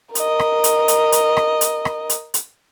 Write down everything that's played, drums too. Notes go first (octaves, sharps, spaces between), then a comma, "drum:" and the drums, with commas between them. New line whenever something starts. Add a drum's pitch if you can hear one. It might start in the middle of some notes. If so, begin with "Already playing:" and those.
A#4 D#5, drum: hi-hat
drum: rim click
drum: hi-hat
drum: hi-hat
drum: hi-hat
drum: rim click
drum: hi-hat
drum: rim click
drum: hi-hat
drum: hi-hat